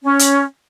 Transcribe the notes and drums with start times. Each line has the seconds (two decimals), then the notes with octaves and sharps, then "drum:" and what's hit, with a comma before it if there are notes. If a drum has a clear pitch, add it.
0.03 C#4
0.19 drum: hi-hat